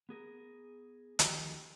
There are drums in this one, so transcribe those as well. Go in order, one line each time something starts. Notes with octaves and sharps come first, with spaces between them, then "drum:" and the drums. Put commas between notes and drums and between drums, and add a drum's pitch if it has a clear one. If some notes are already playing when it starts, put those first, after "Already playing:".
B3 G#4 A#4
D2 D#3 F3 D#4 G4, drum: hi-hat